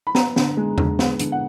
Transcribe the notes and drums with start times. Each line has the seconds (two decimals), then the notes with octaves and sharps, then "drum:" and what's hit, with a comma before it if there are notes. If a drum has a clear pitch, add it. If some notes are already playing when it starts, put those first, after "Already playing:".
0.07 B5
0.15 B3 A#5, drum: snare
0.36 D3, drum: snare
0.57 G#3
0.78 D3, drum: tom E2
0.99 B3, drum: snare
1.19 D3, drum: hi-hat
1.32 F#5